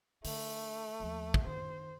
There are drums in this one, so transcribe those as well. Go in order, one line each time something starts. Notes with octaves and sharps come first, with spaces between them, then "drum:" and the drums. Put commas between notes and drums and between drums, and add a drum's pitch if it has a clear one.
D3 A3, drum: open hi-hat
D#2 F3
drum: kick
D#3 C5